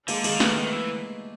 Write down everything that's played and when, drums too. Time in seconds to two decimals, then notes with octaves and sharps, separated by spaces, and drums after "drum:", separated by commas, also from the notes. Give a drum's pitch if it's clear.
0.08 D3 G#3 A#3, drum: cymbal
0.24 D#3 G#3 A#3, drum: cymbal
0.35 D3
0.40 D#3 A3 B3, drum: snare
0.56 D#3 A3 B3
0.72 E3